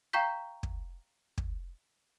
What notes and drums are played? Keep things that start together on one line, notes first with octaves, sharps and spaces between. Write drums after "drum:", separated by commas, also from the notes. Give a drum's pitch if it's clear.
F5 G5 A#5 C#6 G6 B6
drum: kick
drum: kick